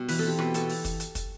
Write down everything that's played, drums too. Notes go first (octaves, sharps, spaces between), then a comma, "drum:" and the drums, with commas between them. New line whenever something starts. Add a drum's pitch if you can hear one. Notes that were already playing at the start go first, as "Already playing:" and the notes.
Already playing: B2 G3
E3 B4, drum: open hi-hat
C4 A4
G4
B2 B4, drum: rim click
B2 A4, drum: hi-hat
drum: open hi-hat
drum: kick, hi-hat
drum: hi-hat
drum: kick, hi-hat